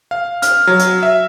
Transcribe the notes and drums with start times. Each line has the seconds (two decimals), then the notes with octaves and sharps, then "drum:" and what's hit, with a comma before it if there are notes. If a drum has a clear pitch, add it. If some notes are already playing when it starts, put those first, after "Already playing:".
0.11 F5
0.42 F6, drum: hi-hat
0.67 F#3
0.79 drum: hi-hat
1.03 E5